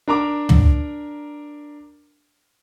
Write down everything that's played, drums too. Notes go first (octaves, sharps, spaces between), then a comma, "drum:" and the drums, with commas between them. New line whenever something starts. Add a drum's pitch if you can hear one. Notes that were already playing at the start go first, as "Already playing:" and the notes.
D4 A#4 A#5 D6
drum: tom